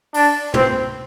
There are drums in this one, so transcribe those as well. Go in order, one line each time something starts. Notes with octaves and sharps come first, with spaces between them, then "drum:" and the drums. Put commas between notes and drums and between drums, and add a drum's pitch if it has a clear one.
D4, drum: open hi-hat
C4, drum: tom